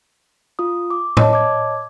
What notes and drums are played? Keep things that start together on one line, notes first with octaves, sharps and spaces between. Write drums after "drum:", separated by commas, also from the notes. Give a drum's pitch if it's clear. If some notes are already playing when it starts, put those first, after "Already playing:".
F4 D#6
D6
C#5 D#5 A5, drum: tom A2
D6 G#6